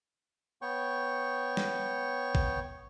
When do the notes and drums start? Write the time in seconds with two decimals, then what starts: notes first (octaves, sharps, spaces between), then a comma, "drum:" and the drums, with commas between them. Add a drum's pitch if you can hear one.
0.62 B3 C#5 G5 C#6
1.57 drum: snare
2.35 drum: kick G#1